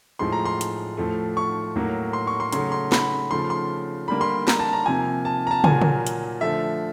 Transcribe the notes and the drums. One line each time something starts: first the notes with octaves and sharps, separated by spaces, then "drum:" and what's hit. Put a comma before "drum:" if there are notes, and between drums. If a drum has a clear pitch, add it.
A2 F3 G#3 C6
A#5
C6
drum: hi-hat
A2 F3 A3
C#6
A2 F#3 A#3
C6
C#6
C6
C#3 F#3 A3 C6, drum: hi-hat
C6
B5, drum: snare
C#3 F3 A3 C6
C6
D3 G3 A#3 B5
C6
A#5, drum: snare
A5
A#5
C3 F3 A#3 G#5
A5
A#5
A5
A#2 F#3 A#3 G#5, drum: tom
drum: tom
drum: hi-hat
D3 F3 A3 E5